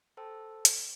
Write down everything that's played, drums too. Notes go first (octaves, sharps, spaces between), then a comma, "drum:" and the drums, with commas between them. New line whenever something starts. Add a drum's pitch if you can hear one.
A4 C5 G5 A5 E6
drum: hi-hat